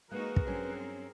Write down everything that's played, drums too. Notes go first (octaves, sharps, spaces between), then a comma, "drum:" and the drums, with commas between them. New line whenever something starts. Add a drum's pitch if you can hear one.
G#3 A#3 D#4 F#4 G#4 A#4 B4
drum: kick
G2 F#3 C4 C#4